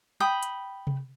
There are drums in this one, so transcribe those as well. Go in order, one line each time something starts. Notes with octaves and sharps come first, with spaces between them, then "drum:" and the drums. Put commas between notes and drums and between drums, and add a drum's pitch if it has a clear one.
G5 B5 D#6
drum: hi-hat
drum: tom C3